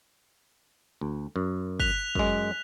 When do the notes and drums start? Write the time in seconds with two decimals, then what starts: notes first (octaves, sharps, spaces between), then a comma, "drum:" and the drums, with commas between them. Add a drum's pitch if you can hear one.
1.01 D2
1.36 F#2
1.80 F#6 B6 F7, drum: kick
2.15 F#2 G#3, drum: kick